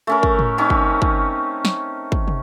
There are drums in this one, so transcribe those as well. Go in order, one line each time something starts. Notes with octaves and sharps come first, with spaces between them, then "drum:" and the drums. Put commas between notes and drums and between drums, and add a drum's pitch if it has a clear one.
A3 C#4 A#4
drum: kick
drum: tom A2
C4 C#4 D#4
drum: kick
drum: kick
drum: snare
drum: kick
drum: tom